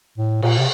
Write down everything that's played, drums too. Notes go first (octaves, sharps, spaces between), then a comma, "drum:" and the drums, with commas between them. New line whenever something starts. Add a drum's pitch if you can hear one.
A2
A#2, drum: cymbal
C3